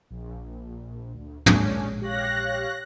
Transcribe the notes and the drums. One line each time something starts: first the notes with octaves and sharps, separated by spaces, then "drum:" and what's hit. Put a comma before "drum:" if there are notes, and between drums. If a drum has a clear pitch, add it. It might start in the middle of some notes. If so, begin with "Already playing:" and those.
A#1
D2
A#1 D#2 G#3 C#4 D4, drum: tom
G4 C#5 F5 F#6 A#6